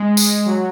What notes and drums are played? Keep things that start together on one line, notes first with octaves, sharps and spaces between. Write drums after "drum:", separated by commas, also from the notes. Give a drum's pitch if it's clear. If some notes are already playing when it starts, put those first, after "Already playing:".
Already playing: G#3
drum: tambourine
F#3